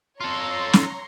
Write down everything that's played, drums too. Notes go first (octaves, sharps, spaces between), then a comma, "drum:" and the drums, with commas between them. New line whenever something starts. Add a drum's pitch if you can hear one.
F4 A4 C#5 A#5 C6
drum: snare